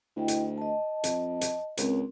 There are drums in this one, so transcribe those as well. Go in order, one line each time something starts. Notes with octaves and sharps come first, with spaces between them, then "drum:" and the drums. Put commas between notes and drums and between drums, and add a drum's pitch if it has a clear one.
D2 E4 D#5 G5
drum: hi-hat
D#5 A5
F2, drum: hi-hat
drum: hi-hat
C#2 C4 A#4, drum: hi-hat